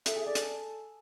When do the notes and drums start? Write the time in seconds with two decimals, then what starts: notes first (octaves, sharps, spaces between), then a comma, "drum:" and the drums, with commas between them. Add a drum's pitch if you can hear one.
0.06 A4 E5, drum: hi-hat
0.16 G#4 E5
0.26 A4 D5
0.35 drum: hi-hat